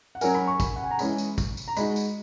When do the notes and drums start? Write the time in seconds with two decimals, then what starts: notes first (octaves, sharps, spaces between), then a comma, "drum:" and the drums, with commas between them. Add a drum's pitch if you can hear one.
0.15 F#5
0.21 F#3 C#4 F#4 A#4 G#5, drum: tambourine
0.35 B5
0.47 C#6
0.60 B5, drum: kick, tambourine
0.76 F#5
0.84 G#5
0.91 A#5
0.99 E3 G#3 C#4 G#4 B5, drum: tambourine
1.18 drum: tambourine
1.38 drum: kick, tambourine
1.57 drum: tambourine
1.68 A#5
1.77 G#3 D#4 F#4 B5, drum: tambourine
1.96 drum: tambourine